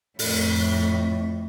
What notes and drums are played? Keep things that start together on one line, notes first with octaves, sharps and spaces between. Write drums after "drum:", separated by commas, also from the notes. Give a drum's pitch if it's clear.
F2 A2, drum: open hi-hat